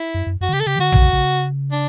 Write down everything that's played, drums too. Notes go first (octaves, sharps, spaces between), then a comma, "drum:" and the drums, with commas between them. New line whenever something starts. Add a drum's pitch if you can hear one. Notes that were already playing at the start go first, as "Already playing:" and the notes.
Already playing: E4
F#2
F#2
F#2 F#4
D3
C#3 G4
A4
C#3 G4
E3
D3 F#4
C#3, drum: tom
C#3
D4